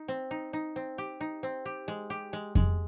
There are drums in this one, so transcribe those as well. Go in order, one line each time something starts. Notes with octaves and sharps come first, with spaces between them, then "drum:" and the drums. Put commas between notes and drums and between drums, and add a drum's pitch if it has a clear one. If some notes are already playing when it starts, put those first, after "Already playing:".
Already playing: D#4
C4
D#4
D#4
C4
G4
D#4
C4
G4
G#3
G4
G#3
G#3, drum: kick F2